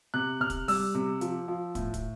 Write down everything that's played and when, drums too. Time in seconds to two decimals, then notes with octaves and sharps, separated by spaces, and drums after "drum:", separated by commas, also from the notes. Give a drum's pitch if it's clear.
0.14 C3 F#6
0.40 C3 F6
0.50 drum: kick, hi-hat
0.68 G3 E6, drum: open hi-hat
0.95 C3
1.21 F3, drum: hi-hat
1.48 F3
1.75 A2, drum: kick, hi-hat
1.94 drum: kick, hi-hat